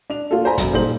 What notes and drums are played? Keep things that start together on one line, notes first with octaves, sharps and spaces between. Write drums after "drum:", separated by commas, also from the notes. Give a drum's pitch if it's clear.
D4 F7
A#3 F4 F#4 A4
C5 D5 G#5 A#5 B5
B1 F#2, drum: kick, hi-hat
A#2 G3 D#4 A4 C5 F#7